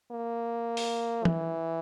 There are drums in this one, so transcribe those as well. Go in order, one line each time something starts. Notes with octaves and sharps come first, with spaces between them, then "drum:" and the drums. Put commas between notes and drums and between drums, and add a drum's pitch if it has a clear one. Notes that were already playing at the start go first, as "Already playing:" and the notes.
A#3
drum: open hi-hat
E3, drum: tom